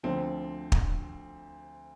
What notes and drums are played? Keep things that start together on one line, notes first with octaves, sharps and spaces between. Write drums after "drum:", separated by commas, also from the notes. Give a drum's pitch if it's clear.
D2 D3 F3 C4
drum: kick